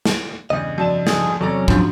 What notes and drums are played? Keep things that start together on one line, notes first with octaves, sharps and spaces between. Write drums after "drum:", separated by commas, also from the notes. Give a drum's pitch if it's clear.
drum: snare
E2 G2 C#3 G3 D#5
F2 F#4 D5 A5 E7
G#4, drum: snare
E2 C3 F#3 C#4 A4 D5 A#5
F2 G#2 F3 D4 F4 F#4, drum: kick